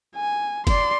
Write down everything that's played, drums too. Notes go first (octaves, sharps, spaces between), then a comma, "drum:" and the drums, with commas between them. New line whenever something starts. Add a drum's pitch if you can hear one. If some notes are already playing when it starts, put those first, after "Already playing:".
G#5
D5 C6, drum: kick, cymbal